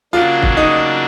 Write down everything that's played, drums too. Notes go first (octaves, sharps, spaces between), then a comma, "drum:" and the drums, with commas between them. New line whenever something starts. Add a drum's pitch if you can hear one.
C#3 F#3 A#3 D4 F4
drum: kick
D#4